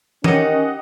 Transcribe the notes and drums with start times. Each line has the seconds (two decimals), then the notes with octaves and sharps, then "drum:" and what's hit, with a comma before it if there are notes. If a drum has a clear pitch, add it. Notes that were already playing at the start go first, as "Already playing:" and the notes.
0.24 D#3 C#4 D#4 G4 D#5 F#5, drum: tom